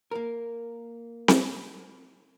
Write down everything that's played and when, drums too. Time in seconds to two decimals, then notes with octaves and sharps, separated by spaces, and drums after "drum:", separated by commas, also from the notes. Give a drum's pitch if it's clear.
0.11 A#3 A#4
1.28 drum: snare C4